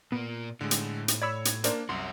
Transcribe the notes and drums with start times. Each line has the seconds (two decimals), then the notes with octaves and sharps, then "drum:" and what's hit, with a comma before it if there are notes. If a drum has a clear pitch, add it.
0.12 A#2 A#3 B3
0.61 A2 D3 G#3
0.71 drum: hi-hat
1.08 drum: hi-hat
1.22 C#5 D5 B5 E6 G#6
1.45 drum: hi-hat
1.64 A#3 D4 A#4 C5 D5, drum: hi-hat
1.89 C2 F#2 C#4 F#4 C6